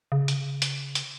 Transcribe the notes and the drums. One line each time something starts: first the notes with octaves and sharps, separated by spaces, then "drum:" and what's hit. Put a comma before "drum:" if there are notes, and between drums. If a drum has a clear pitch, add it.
C#3
drum: hi-hat
drum: hi-hat
drum: hi-hat